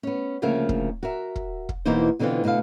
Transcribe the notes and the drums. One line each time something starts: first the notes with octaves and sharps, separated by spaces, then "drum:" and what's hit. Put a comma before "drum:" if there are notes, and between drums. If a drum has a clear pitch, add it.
B3 C#4
D2 C#3 F3 A#3 A#4 E5
drum: kick
F#4 A#4 E5
drum: kick
drum: kick
E2 B2 E3 A#3 D#4 C5
B2 D3 E3 B3 C4 F4
D2 B2 A3 E4 F5